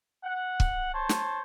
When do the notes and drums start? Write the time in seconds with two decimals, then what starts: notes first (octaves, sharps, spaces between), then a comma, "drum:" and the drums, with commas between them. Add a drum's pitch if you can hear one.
0.24 F#5
0.60 drum: kick
0.93 C5 C#5 A5
1.09 drum: snare